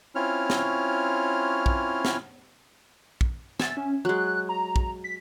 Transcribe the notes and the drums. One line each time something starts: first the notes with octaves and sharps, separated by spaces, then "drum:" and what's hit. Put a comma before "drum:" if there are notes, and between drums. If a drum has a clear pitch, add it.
C4 C#4 E4 F4 C#5 F6
drum: snare
drum: kick
drum: snare
drum: kick
E5 G#5 A6, drum: snare
C#4
F#3 G#3 F#6
A#5
drum: kick
B6